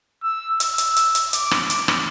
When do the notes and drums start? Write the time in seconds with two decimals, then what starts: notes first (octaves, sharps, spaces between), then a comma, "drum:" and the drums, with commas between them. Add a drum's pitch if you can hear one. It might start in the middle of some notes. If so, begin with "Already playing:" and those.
0.23 E6
0.60 E6, drum: hi-hat
0.78 drum: hi-hat
0.96 drum: hi-hat
1.15 drum: hi-hat
1.33 D6, drum: hi-hat
1.51 drum: rim click
1.70 drum: hi-hat
1.88 drum: rim click